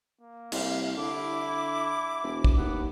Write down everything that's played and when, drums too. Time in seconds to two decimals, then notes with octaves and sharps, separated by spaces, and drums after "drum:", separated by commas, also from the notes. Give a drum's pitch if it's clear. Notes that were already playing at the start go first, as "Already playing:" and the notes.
0.21 A#3
0.52 C2 F5, drum: cymbal
0.97 D3 E4 D6
2.23 E1
2.44 drum: kick
2.57 D#2 B3